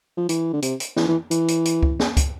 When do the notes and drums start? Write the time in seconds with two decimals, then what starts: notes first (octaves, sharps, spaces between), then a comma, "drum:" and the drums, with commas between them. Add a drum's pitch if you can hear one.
0.17 F3
0.29 E3, drum: hi-hat
0.53 D3
0.62 C3, drum: hi-hat
0.80 drum: hi-hat
0.97 E3, drum: snare
1.08 E3
1.31 E3, drum: hi-hat
1.48 drum: hi-hat
1.65 drum: hi-hat
1.83 drum: kick C#2
2.00 drum: snare
2.17 drum: kick C#2, hi-hat